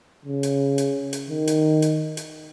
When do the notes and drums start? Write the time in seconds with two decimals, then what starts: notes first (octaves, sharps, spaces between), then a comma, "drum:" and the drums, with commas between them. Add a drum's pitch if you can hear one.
0.25 C#3
0.43 drum: hi-hat
0.78 drum: hi-hat
1.13 drum: hi-hat
1.30 D#3
1.47 drum: hi-hat
1.82 drum: hi-hat
2.17 drum: hi-hat